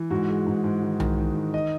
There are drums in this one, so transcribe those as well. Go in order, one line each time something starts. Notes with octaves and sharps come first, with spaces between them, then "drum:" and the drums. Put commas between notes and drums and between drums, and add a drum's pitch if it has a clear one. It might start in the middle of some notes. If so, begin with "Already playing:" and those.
Already playing: E3
G#2 F#4
G#3
G#2
G#2
D#3
D#3, drum: tom B1
D#3
D#3
D#5